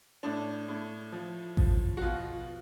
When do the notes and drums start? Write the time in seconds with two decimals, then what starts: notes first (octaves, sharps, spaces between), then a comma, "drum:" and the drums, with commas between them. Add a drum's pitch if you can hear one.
0.23 A2 D4
0.68 A2
1.12 F3
1.57 F3, drum: kick A1
1.97 F#4
2.01 B2 F4